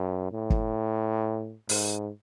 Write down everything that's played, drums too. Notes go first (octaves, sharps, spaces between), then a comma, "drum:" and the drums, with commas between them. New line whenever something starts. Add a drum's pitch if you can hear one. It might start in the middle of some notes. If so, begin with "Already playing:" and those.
Already playing: F#2
A2
drum: kick
G#2, drum: open hi-hat